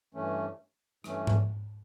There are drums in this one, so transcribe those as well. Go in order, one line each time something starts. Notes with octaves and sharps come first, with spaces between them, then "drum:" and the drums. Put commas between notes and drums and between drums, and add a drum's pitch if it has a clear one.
G2 E3 A3 C#4
G2 E3 A3 C#4, drum: rim click
drum: tom G#2